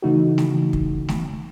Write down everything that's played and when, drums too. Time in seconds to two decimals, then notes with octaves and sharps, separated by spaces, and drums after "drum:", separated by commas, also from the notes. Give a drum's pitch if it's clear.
0.02 C#3 E3 A3 D#4 F#4
0.38 drum: snare A3
0.73 drum: kick
1.09 drum: snare A3